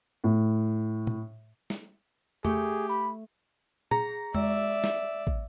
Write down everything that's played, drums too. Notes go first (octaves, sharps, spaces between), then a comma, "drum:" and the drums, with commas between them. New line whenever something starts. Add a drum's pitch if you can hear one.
A2
drum: tom
drum: snare
A3 G4 G#4, drum: tom E2
B5
G#4 A#5, drum: tom
G#3 D5 E5 E6, drum: tom E2
drum: snare
drum: kick